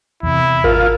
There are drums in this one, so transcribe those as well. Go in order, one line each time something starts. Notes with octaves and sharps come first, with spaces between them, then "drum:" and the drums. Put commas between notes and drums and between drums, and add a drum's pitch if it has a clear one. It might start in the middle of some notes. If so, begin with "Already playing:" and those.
E2 C3 E4
F4 A#4, drum: kick G#1